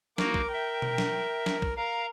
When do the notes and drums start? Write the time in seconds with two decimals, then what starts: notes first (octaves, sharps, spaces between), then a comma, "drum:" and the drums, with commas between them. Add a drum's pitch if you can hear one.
0.18 A#3 D#4 F#4 A#4 D6, drum: snare
0.34 drum: kick
0.53 E5 G5
0.82 drum: tom B2
0.98 drum: snare
1.46 drum: snare
1.62 drum: kick
1.77 A#4 F5 A#5